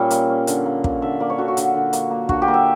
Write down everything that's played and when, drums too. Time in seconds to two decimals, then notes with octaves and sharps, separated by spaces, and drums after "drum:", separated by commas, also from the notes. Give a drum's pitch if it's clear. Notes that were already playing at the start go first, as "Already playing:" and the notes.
Already playing: A#2 G3 C#4 E5
0.10 A#3, drum: hi-hat
0.29 C#4
0.47 D3, drum: hi-hat
0.66 A#3
0.84 A#3, drum: kick
1.02 D3 E5
1.20 A#3 D5
1.30 C#5
1.38 D3 F#4
1.48 F#4
1.57 D3, drum: hi-hat
1.75 D3
1.93 A#3, drum: hi-hat
2.11 A#3
2.29 D3 F#4, drum: kick
2.42 G4
2.48 A#3
2.54 E5